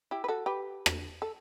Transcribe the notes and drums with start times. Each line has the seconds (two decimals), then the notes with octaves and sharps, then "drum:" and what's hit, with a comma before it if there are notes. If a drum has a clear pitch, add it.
0.11 E4 G4
0.24 B4
0.28 F#4 A4
0.46 G4 B4
0.86 drum: rim click
1.22 A4